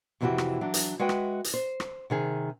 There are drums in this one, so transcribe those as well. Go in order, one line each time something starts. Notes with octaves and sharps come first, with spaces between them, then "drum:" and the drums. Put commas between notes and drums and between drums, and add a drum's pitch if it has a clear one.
F2 C3 E3 E4 F#4 G4
drum: rim click
E3 F#3 D4
drum: hi-hat
G#3 F#4 B4 E5 G5
drum: rim click
drum: hi-hat
C5
drum: rim click
C3 D#3 G#4